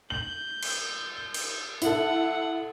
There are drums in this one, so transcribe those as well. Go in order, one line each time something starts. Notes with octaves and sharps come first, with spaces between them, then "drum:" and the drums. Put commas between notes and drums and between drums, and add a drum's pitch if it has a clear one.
G6 F#7
drum: cymbal
drum: cymbal
E4 A4 F#5, drum: hi-hat